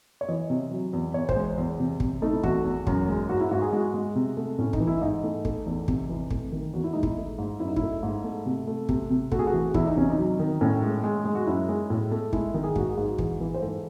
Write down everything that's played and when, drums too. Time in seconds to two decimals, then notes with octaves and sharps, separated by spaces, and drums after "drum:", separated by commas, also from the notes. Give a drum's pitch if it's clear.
0.21 C#5
0.28 E3 D#5
0.50 C3
0.71 F#3
0.93 E2
1.14 E2 C#5
1.29 C5, drum: kick
1.36 G#3
1.58 E2
1.79 C3
2.00 C3, drum: kick
2.22 A3 D#4
2.33 E4
2.43 E2 F#4, drum: kick
2.65 E2
2.87 F#2, drum: kick
3.08 G#3
3.29 G#2 F#4
3.40 E4
3.51 G#2 F#4
3.62 G#4
3.72 G#3 F#4
3.94 G#3
4.15 C3
4.37 A3
4.58 A2 C#4
4.73 D#4, drum: kick
4.80 E3
4.87 E4
5.01 G#2 D#4
5.24 A3
5.45 A3, drum: kick
5.66 E2
5.88 C3, drum: kick
6.09 E3
6.30 A3, drum: kick
6.52 D#3
6.74 E2 F#4
6.84 E4
6.93 G#3 D#4
7.03 E4, drum: kick
7.17 A3
7.38 G#2
7.60 F#2 E4
7.68 D#4
7.76 E4, drum: kick
7.81 A3
8.03 G#2
8.24 A3
8.46 C3
8.67 A3
8.89 C3, drum: kick
9.10 C3
9.32 A3 F#4, drum: kick
9.39 G#4
9.47 F#4
9.53 E3
9.74 E2 E4, drum: kick
9.86 D#4
9.97 C3 C#4
10.10 D#4
10.18 F#3
10.39 D#3
10.61 A2 C#4
10.82 G#3
11.04 G#3
11.25 G#3
11.35 F#4
11.47 F#2 E4
11.69 G#3
11.90 A2
12.11 A3
12.33 G#3 E4, drum: kick
12.54 D#3
12.64 G#4
12.76 G#2 F#4, drum: kick
12.90 G#4
12.97 G#2
13.05 F#4
13.18 E3 G#4, drum: kick
13.40 E3
13.54 C5
13.62 G#2 A4